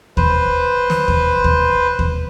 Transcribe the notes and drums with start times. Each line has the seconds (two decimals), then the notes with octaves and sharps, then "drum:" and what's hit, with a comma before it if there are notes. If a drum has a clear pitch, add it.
0.17 B4 C5, drum: kick D#2
0.90 drum: snare
1.08 drum: kick D#2
1.44 drum: kick D#2
1.99 drum: kick D#2